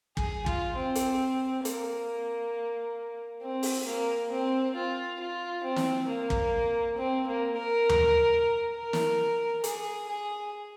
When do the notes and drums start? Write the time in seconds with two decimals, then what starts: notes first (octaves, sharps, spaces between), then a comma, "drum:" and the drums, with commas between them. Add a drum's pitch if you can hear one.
0.17 G#4, drum: kick
0.46 F4, drum: kick
0.76 C4
0.95 drum: hi-hat
1.65 A#3, drum: hi-hat
3.42 C4
3.63 drum: open hi-hat
3.87 A#3
4.31 C4
4.76 F4
5.20 F4
5.64 C4
5.76 drum: snare
6.08 A#3
6.30 drum: kick
6.97 C4
7.27 A#3
7.56 A#4
7.89 drum: tom D#2
8.75 A#4
8.93 drum: snare
9.64 G#4, drum: hi-hat
10.09 G#4